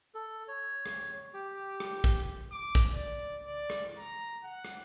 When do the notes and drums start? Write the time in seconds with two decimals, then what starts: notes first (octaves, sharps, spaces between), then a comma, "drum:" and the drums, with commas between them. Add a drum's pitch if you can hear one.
0.14 A4
0.48 C#5
0.86 drum: rim click
1.34 G4
1.80 drum: rim click
2.04 drum: kick
2.51 D6
2.75 drum: kick
2.93 D5
3.46 D5
3.70 drum: rim click
3.98 A#5
4.44 F#5
4.65 drum: rim click